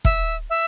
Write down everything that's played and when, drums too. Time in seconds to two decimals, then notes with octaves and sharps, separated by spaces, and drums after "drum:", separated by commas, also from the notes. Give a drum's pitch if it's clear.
0.05 E5, drum: kick E1
0.50 E5